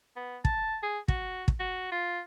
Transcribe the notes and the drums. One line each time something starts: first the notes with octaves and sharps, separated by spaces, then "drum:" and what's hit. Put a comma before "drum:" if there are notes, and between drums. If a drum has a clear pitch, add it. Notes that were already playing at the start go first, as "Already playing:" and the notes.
B3
A5, drum: kick
G#4
F#4, drum: kick
drum: kick
F#4
F4